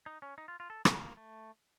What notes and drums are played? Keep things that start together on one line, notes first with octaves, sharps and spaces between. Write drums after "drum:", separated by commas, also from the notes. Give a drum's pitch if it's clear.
D#4
C#4
D#4
F4
F4
A4
F#4, drum: rim click
A#3
A3